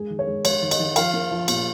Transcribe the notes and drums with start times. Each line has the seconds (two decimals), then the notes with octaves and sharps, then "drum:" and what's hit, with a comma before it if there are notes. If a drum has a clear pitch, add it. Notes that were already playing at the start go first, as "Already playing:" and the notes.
Already playing: G#3 G#4
0.10 D#3
0.19 C#5
0.27 G#3
0.45 G#3 C#5, drum: cymbal
0.62 D#3
0.71 D#5, drum: cymbal
0.79 D#3
0.96 F3 F5, drum: cymbal
1.14 A#3
1.31 F3
1.48 A#2, drum: cymbal